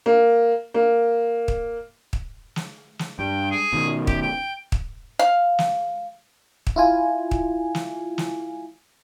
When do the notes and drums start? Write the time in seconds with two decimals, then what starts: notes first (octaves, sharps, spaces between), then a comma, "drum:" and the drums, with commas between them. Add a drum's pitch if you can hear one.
0.06 A#3
0.74 A#3
1.48 drum: kick
2.13 drum: kick
2.56 drum: snare
2.99 drum: snare
3.19 G2 G5
3.51 G#4
3.73 B2 D#3
4.07 G4, drum: kick
4.22 G5
4.72 drum: kick
5.19 F5
5.59 drum: snare
6.67 drum: kick
6.76 E4 F4 G#5
7.31 drum: kick
7.75 drum: snare
8.18 drum: snare